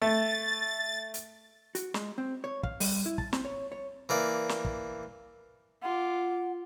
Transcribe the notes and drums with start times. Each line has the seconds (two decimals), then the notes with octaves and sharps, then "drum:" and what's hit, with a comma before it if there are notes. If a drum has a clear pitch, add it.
0.02 A3 A6
1.14 drum: hi-hat
1.75 F#4, drum: hi-hat
1.94 G#3, drum: snare
2.18 C4
2.44 C#5
2.63 F5, drum: kick
2.80 G3, drum: open hi-hat
3.06 E4
3.18 A5, drum: kick
3.33 C4, drum: snare
3.45 C#5
3.72 C#5
4.09 E3 A#3 D5
4.49 drum: snare
4.65 drum: kick
5.82 F4 F#5 D6